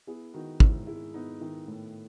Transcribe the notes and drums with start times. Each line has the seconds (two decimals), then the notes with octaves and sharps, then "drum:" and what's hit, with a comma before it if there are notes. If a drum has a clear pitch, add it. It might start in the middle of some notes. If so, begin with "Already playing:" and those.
0.07 B3 E4 G#4
0.34 D#3 D#4 F#4
0.60 G#2 E4, drum: kick
0.87 G#3 E4
1.14 B3 D#4
1.41 D#3 E4
1.67 A2